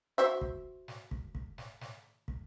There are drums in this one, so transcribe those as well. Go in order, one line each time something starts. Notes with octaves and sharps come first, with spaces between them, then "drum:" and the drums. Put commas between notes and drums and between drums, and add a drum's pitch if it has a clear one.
F#4 C5 E5
drum: kick
drum: snare
drum: kick
drum: kick
drum: snare
drum: snare
drum: kick